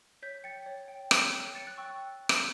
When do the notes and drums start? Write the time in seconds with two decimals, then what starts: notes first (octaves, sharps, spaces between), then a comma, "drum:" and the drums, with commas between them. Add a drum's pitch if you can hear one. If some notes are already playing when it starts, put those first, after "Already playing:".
0.23 C#5 G6 B6
0.44 G5 A6 C#7
0.66 C#5
0.88 G5
1.11 C#5, drum: rim click
1.33 G5
1.55 C#5 A6 C#7
1.67 F#6 A6
1.77 G5 C#6 E6
2.29 drum: rim click